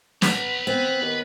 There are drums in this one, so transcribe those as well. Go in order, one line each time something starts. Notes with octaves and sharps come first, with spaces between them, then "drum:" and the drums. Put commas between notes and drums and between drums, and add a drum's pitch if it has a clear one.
B3 B4 A#5, drum: snare
B3 C4
D#2